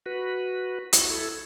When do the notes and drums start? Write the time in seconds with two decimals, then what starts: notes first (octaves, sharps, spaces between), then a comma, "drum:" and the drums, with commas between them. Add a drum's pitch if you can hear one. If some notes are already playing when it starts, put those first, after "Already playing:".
0.06 F#4 B4
0.93 E4, drum: hi-hat
1.02 F#4
1.10 E4 A4